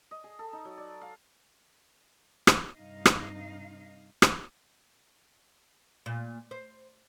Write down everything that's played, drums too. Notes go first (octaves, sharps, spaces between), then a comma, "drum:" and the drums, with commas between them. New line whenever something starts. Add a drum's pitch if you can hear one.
D#5
G#4
A4
D#4
F#3
D5
F5
drum: rim click
G2 C3 D#4 D#5 F5
drum: rim click
drum: rim click
A#2
C5